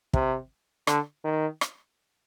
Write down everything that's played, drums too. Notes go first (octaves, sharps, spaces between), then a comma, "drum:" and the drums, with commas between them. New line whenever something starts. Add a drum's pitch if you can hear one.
C3, drum: kick
D3, drum: rim click
D#3
drum: rim click